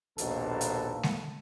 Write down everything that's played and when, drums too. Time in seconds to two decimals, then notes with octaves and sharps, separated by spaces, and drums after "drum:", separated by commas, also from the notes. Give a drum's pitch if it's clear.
0.18 A#1 D#2 B2 A#3 A4, drum: hi-hat
0.61 drum: hi-hat
1.03 drum: snare G#3